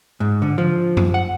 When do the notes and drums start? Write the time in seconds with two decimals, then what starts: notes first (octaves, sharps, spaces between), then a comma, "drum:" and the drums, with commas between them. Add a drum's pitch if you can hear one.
0.20 G#2
0.42 D3
0.58 F3
0.97 drum: tom F#2
1.14 F#5